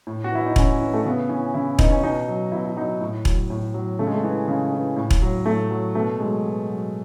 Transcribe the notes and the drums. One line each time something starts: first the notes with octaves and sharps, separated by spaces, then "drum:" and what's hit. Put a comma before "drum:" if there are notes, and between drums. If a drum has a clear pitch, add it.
A2
F#4
E3 E4
D#4
A2 C#4, drum: kick E1
E3
A3
C#3 B3
E3 C#4
C#3 E4
E3 D#4, drum: kick E1
C#4
B2 D#4
F#3
B2 E4
E4
F#3 D#4
A2
F#3, drum: kick E1
A2
F#3
C#3 A3
G#3
A3
E3
C#3
E3
A2
drum: kick E1
F#3
A2 A3
F#3
B2 A3
F#3 G#3
B2
F#3